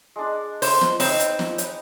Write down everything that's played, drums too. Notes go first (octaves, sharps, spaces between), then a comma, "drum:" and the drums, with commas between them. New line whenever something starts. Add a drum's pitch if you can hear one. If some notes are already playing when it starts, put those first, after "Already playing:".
G#3 D4
C5, drum: open hi-hat
drum: snare
C4 D#4 B4 D#5, drum: open hi-hat
drum: hi-hat
drum: snare
drum: hi-hat